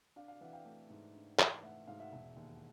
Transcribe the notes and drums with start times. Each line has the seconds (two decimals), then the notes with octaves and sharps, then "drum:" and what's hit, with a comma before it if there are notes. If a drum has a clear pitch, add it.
0.16 D4 F5
0.28 F5
0.41 E3 E5 F#5
0.53 F5 G5
0.65 A3
0.90 G#2
1.14 D4
1.39 E3, drum: clap
1.63 A3 E5 F#5
1.87 G#2 F5
2.00 E5 F#5
2.12 E1
2.36 D#2